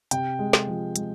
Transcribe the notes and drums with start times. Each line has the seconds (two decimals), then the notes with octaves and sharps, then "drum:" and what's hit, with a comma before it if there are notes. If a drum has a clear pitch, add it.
0.11 C3 G5, drum: hi-hat
0.39 G#3
0.53 drum: snare
0.67 F3
0.96 G#3, drum: hi-hat